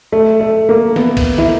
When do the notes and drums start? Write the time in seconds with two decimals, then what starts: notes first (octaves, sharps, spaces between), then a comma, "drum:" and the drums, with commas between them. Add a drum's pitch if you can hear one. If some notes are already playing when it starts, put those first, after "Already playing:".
0.12 A3
0.40 A3
0.69 A#3
0.96 B3, drum: snare
1.17 drum: kick B1, cymbal
1.38 E4, drum: snare